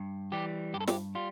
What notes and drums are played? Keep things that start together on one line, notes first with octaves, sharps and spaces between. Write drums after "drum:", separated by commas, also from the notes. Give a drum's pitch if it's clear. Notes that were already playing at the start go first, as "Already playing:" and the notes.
Already playing: G2
E3 G3 G4
G2 G4
A4
G4, drum: snare
G3 F4